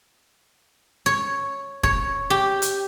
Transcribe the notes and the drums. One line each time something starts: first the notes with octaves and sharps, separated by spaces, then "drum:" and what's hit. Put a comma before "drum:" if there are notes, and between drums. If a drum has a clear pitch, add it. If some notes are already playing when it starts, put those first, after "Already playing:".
C#5
C#5, drum: kick
G4
drum: hi-hat